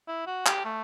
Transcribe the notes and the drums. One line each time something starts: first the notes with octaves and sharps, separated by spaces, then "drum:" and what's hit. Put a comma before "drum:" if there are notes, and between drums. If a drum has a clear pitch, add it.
E4
F#4
G4, drum: clap
A3